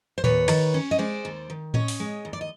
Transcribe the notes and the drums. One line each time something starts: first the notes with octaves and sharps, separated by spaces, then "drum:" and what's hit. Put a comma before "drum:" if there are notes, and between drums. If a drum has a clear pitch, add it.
C5
D#2 B4 C#5, drum: tom A2
D#3, drum: cymbal
C#4
D#5
G#3 C5 D5
D#2
D#3
C#4 C#5 D#5, drum: tom A2
drum: open hi-hat
G#3
D#2
D5
D#5